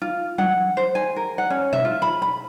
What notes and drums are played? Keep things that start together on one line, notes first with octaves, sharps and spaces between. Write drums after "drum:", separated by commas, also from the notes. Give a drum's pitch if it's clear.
F4
F#5, drum: tom F#3
C5
G#5
A#4
F#5
C#4
E5, drum: tom B2
F4
B5
B5